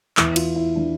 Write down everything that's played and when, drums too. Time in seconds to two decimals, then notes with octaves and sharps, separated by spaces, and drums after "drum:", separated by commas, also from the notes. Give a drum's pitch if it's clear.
0.17 E2 E3 E4, drum: clap
0.36 F4, drum: cymbal
0.56 E4
0.76 E3 D4